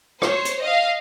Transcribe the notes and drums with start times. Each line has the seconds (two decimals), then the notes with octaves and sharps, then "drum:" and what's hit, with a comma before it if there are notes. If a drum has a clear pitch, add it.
0.22 C5 C#5, drum: rim click
0.45 drum: hi-hat
0.62 D#5 F5